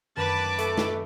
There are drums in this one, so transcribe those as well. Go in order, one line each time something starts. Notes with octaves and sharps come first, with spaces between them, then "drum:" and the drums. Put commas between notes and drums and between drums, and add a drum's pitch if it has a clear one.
F#2 D#3 B4 A5 D6
A3, drum: hi-hat
drum: snare